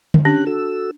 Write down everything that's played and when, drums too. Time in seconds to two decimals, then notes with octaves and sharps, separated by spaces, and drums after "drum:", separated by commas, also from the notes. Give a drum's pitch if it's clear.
0.14 drum: tom
0.25 C#4 D4 G4 F#6
0.47 F#4 A4 E6